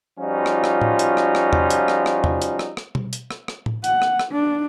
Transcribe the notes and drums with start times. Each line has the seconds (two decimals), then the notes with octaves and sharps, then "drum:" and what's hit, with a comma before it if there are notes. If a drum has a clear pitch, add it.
0.19 F3 G3 C#4 D#4 F4 F#4
0.46 drum: rim click
0.64 drum: rim click
0.81 drum: tom A2
0.99 drum: hi-hat
1.17 drum: rim click
1.35 drum: rim click
1.53 drum: tom E2
1.70 drum: hi-hat
1.88 drum: rim click
2.06 drum: rim click
2.24 drum: tom E2
2.42 drum: hi-hat
2.59 drum: rim click
2.77 drum: rim click
2.95 drum: tom
3.13 drum: hi-hat
3.31 drum: rim click
3.48 drum: rim click
3.66 drum: tom A2
3.84 F#5, drum: hi-hat
4.02 drum: rim click
4.19 drum: rim click
4.32 D4